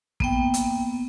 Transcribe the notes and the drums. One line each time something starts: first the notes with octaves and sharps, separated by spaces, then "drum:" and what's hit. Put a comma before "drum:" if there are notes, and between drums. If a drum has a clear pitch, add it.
A#3 B3 G5, drum: kick
drum: hi-hat